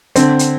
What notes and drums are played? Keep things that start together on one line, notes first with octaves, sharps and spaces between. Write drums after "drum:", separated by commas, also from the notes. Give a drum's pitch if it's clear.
D3 C4, drum: hi-hat
drum: hi-hat